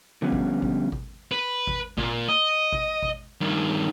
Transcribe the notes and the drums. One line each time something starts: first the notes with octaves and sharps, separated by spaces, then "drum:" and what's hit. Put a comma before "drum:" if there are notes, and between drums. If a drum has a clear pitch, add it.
D3 F3 G3 B3 C#4
drum: kick G#1
drum: kick G#1
drum: kick G#1
B4
drum: kick G#1
A#2, drum: kick G#1
D#5
drum: kick G#1
drum: kick G#1
G2 D#3